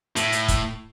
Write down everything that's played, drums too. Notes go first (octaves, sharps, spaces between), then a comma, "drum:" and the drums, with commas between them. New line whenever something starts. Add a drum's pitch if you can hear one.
A2, drum: hi-hat
drum: hi-hat
drum: kick, hi-hat